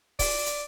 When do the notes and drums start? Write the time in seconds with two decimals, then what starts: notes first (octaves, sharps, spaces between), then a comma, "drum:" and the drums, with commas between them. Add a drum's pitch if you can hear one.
0.19 D5, drum: kick C#1, open hi-hat
0.46 drum: hi-hat